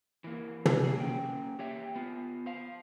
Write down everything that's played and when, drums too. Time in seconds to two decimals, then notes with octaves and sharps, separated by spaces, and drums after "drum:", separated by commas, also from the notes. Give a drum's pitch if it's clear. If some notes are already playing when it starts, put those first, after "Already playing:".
0.24 E3 A#3
0.65 drum: tom
0.84 C3 G#4
0.96 A#3 C#4 G5
1.59 G4 C#5 E5 G5
1.96 B3 F4
2.46 C5 F5